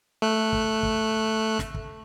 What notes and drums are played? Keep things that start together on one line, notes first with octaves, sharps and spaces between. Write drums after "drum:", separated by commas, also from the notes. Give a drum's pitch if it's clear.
A3 F#6
drum: kick
drum: kick
drum: snare
drum: kick